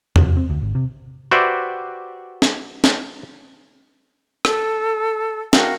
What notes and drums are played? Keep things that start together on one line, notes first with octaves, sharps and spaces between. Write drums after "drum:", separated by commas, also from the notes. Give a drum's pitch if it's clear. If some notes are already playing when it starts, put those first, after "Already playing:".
F2, drum: tom E2
C4
D2
G#1
C3
F#4 G4 B4 C5 D5 E5
drum: snare
drum: snare
A4, drum: rim click
F#4 A#4 F5 G5, drum: snare